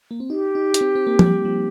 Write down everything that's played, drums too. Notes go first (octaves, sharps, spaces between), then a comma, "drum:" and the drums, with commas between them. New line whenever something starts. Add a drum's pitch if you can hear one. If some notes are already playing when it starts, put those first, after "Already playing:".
A#3
C4
D#4 G4
D#4
D#4, drum: hi-hat
C4
C4
A#3
A#3, drum: tom F3
G3
F3